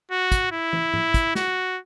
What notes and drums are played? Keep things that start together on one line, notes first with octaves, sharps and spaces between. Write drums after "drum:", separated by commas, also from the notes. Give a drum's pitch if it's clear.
F#4
drum: kick, hi-hat
E4
drum: tom
drum: tom G#2
drum: kick, hi-hat
F#4, drum: snare